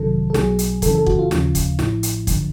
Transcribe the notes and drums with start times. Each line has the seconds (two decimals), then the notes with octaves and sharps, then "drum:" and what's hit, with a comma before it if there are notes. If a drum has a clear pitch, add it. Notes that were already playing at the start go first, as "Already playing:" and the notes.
Already playing: G1 F2 C3 D#3 F#3 A4
0.30 A4
0.34 B1 B2 F#3 G#4, drum: snare
0.59 drum: hi-hat
0.82 F#2 C#3 E3 A4, drum: kick, hi-hat
0.95 A4
1.06 F#4, drum: kick
1.19 F4
1.31 D#2 C#3 F3, drum: snare
1.55 drum: kick, hi-hat
1.79 A1 A2 F3 E4, drum: snare
2.03 drum: hi-hat
2.27 G#1 F#2 D3 F3, drum: kick, hi-hat